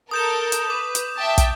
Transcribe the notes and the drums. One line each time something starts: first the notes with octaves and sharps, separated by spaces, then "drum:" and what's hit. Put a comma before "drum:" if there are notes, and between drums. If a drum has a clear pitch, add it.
A4 A#4 D#6 G6 E7
drum: hi-hat
B4 D6
drum: hi-hat
E5 G5 A5
drum: kick, hi-hat